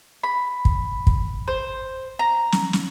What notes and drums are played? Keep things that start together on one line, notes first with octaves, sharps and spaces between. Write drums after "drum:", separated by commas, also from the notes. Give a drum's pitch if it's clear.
B5
drum: kick
drum: kick
C5
A#5
drum: snare
drum: snare